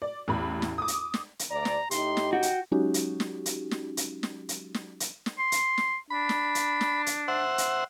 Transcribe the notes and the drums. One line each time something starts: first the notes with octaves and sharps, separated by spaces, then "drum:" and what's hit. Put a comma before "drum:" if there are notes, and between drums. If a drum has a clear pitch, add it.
D5
A1 E2 B5
drum: snare
D6 D#6
drum: hi-hat
drum: snare
drum: hi-hat
D2 D5 A#5
drum: snare
A2 D#4 G4 C6, drum: hi-hat
drum: snare
F#4 G5
drum: hi-hat
F#3 G#3 C#4 D#4 F#4 G4
drum: hi-hat
drum: snare
drum: hi-hat
drum: snare
drum: hi-hat
drum: snare
drum: hi-hat
drum: snare
drum: hi-hat
drum: snare
C6
drum: hi-hat
drum: snare
D4 B5
drum: snare
drum: hi-hat
drum: snare
drum: hi-hat
C5 E5 F#5
drum: hi-hat